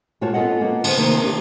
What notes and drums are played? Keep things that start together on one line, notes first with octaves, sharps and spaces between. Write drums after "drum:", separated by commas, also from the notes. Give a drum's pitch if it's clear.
A#2 A3 F4 F#4 C#5 A5
B3 C#4 F4 A4 D#5 F#5
A#3 B3
D3 C5, drum: cymbal
C3 D#3 A3 A#3
D4 G4